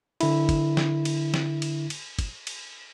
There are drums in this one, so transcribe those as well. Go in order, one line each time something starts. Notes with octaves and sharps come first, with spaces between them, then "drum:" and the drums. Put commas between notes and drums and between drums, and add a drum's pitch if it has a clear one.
D3 E4, drum: cymbal
drum: kick, cymbal
drum: snare
drum: cymbal
drum: snare
drum: cymbal
drum: cymbal
drum: kick, cymbal
drum: cymbal